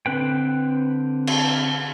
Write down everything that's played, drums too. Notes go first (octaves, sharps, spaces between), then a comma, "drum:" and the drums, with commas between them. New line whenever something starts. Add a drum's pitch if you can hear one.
D3 C4 B4 G5
drum: cymbal